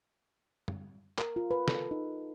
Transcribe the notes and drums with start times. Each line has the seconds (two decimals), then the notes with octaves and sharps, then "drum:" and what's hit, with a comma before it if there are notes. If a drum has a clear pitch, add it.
0.68 drum: tom
1.18 A#4, drum: clap
1.36 F4
1.51 B4
1.68 A4, drum: snare
1.91 D#4